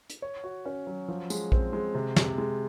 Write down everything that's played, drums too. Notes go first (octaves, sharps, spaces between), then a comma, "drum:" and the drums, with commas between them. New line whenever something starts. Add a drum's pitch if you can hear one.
drum: hi-hat
C#5
F#4
C#4
F#3
F3
G#3, drum: tambourine
C4, drum: kick A#1
G#3
C3
C3, drum: snare
G#3